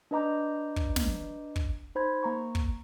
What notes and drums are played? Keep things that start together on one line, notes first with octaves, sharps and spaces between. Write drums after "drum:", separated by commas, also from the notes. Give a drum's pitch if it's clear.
D4 B4 D#5 A#5 D6 G6
drum: kick
drum: snare
drum: kick
D#4 C5 B5 G#6
A#3 A#5 C#6
drum: kick